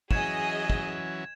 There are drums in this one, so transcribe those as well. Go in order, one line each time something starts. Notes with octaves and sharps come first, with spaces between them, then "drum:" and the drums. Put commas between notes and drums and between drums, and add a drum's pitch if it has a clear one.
E3 F#3 C#4 G#4 D#5 G#6 E7, drum: kick
drum: kick